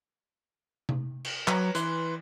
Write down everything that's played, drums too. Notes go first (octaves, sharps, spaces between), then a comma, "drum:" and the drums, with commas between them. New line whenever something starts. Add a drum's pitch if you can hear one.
drum: tom C3
drum: cymbal
F#3 B4 C#5 A#5, drum: clap
E3 B4 C6, drum: hi-hat